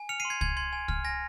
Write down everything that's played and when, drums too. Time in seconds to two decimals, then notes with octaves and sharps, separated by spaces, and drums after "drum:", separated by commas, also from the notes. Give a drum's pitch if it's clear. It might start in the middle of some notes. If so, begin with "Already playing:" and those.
Already playing: G#5
0.09 F6 C#7 F7
0.20 C7 D#7
0.25 C6
0.30 G#6 C7
0.41 C6 G#6, drum: kick
0.57 C6 G#6
0.73 G#5
0.88 F6, drum: kick
1.04 G#5 A#6